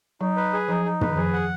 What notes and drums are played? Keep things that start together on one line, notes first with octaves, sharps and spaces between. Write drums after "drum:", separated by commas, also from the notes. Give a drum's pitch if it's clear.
F#3 D#4
B4
G#4
F3 D#4
D#4
B4, drum: tom
D#3
F3 G#4
F#5